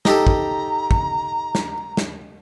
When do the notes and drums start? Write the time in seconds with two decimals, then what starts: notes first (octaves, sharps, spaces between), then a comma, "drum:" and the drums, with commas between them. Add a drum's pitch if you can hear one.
0.05 D#4 G4 A4 A#5, drum: snare
0.27 drum: kick
0.91 drum: kick
1.55 drum: snare
1.97 drum: snare